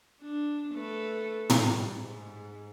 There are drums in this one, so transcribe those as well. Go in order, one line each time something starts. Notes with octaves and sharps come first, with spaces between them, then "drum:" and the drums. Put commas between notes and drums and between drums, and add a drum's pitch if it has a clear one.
D4
A3 A4 B4
drum: tom
G3
G#2